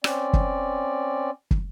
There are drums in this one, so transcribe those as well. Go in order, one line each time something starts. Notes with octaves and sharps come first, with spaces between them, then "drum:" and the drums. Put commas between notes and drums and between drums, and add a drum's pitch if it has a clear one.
C4 C#4 D5, drum: rim click
drum: kick
drum: kick